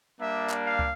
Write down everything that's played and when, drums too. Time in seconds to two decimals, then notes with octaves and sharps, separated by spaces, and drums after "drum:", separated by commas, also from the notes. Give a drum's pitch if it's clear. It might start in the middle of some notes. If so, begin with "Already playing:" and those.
0.20 G3 A#3 D4 E5
0.50 drum: clap
0.65 F5
0.79 drum: kick